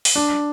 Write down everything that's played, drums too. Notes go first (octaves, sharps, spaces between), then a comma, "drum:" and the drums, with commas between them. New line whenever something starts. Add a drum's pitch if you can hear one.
drum: open hi-hat
D4